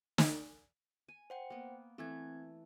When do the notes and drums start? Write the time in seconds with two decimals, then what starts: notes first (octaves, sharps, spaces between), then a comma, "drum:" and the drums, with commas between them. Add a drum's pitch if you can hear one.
0.18 drum: snare
1.08 G#5
1.30 C5 F#5 G5
1.50 A#3 B3
1.98 E3 A3 C4 G#6